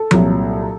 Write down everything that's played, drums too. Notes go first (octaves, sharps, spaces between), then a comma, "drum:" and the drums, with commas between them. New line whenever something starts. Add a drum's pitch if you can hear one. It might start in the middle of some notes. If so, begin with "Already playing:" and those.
Already playing: A4
C2 A#2 F#3, drum: tom F3